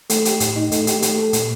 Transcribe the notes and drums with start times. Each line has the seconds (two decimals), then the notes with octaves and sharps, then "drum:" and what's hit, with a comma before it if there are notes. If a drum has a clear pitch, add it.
0.10 A3, drum: hi-hat
0.25 G4, drum: hi-hat
0.40 A2, drum: hi-hat
0.56 D#4
0.72 A3, drum: hi-hat
0.87 G4, drum: hi-hat
1.02 A3, drum: hi-hat
1.18 A4
1.33 A#2, drum: hi-hat